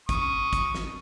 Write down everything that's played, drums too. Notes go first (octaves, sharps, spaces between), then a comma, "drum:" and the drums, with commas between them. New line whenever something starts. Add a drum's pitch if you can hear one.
C#6 D#6, drum: kick G#1, hi-hat
drum: kick G#1, hi-hat
drum: snare